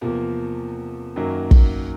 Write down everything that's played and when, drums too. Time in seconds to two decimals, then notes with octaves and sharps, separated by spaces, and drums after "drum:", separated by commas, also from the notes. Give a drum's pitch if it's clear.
0.01 E2 C3 F3 A#3
1.16 F#2 D#3 F#3 A#3
1.51 drum: kick